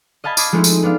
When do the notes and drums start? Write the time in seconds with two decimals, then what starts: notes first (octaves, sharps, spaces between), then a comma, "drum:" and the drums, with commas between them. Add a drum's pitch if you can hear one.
0.24 D#5 F5 A5 B5 G#6
0.37 B5 D6 D#6 G#6 C7, drum: tambourine
0.52 F3 G#3 A3 C4 D#4 E4
0.64 drum: tambourine
0.83 B3 D4 F4 F5